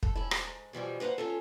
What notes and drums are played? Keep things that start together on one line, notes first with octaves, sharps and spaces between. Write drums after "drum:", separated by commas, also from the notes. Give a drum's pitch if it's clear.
A4, drum: kick
C#4 E4
G#2, drum: rim click
B2 E3 F3 G3
A#3 B4 C5 F5 F#5
C#4 F4 A4